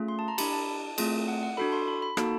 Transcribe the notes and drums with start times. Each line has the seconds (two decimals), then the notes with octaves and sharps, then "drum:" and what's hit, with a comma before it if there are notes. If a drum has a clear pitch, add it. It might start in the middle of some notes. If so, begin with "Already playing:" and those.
Already playing: A3 C#4 F4 G#4
0.08 C6
0.19 A5
0.28 A#5
0.38 D4 G4 B5, drum: cymbal
0.52 A5
0.98 A3 C4 F4 G#4, drum: cymbal
1.28 F#5
1.43 F#5
1.57 D4 F#4 A4 B5
1.72 C6
1.88 B5
2.02 B5
2.17 A#3 D#4 F#4 A4 A5, drum: rim click